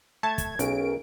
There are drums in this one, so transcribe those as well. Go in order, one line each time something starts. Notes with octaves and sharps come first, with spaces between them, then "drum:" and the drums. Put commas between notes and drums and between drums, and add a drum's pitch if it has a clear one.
A3 A4 A5 G#6
drum: kick, hi-hat
B1 C#4 G#4 A#4 D7, drum: hi-hat